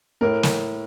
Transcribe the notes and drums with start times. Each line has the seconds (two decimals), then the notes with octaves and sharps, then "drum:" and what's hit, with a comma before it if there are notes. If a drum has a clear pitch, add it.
0.21 A2 A#4
0.43 drum: snare